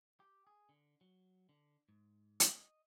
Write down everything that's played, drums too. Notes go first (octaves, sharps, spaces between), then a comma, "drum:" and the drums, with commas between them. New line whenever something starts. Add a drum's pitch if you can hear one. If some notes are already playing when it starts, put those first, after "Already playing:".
G4
G#4
D3
F#3
D3
G#2
drum: hi-hat
D#5